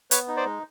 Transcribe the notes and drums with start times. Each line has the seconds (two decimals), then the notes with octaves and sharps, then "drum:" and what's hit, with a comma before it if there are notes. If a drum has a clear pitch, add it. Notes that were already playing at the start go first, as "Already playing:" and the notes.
0.11 B3 B4 C#5, drum: hi-hat
0.28 D#4
0.37 C5 D5
0.45 G#3